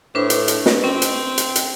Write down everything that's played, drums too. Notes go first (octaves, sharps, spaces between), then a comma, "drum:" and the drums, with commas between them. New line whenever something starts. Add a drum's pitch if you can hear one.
A2 D4 B4 C5
drum: hi-hat
drum: hi-hat
drum: snare
C4 C#4
drum: hi-hat
drum: hi-hat
drum: hi-hat